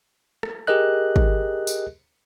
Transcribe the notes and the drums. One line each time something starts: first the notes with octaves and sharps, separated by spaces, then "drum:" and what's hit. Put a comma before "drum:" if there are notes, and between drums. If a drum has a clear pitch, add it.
drum: rim click
G4 G#4 A#4 D#5 F#6
drum: kick
drum: tambourine